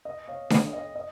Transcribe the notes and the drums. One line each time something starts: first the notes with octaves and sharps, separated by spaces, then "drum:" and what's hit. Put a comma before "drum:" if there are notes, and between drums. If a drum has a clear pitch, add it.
D#5
C#5 F5
D#5, drum: snare D4
D#5
D#5